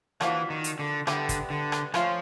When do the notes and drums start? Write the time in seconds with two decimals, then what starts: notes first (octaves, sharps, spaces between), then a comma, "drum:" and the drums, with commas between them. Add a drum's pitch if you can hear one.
0.21 E3 F3 A#3 D4 F#4, drum: rim click
0.50 D#3
0.64 drum: hi-hat
0.79 D3
1.07 D3 G3 B3 E4 G4, drum: rim click
1.29 drum: kick, hi-hat
1.50 D3
1.72 drum: rim click
1.94 F3 A3 C#4 F4, drum: rim click